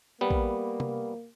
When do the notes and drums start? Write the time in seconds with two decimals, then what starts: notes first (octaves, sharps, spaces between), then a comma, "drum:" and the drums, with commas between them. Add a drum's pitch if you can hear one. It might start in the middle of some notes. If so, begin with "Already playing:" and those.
0.21 G3 A#3 B3
0.31 drum: kick
0.80 drum: tom C3